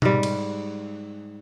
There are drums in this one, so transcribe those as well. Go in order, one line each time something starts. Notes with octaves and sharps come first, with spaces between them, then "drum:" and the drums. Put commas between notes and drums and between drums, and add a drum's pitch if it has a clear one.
G#2 G3, drum: tom B2
drum: cymbal